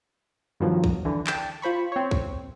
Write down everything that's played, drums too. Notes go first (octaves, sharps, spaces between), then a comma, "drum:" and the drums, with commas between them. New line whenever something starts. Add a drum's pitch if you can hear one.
G2 B2 D#3 F3 F#3
drum: kick
D3 E3
G5 A5, drum: clap
F4 C5 B5 C#6
C4 C#5
drum: kick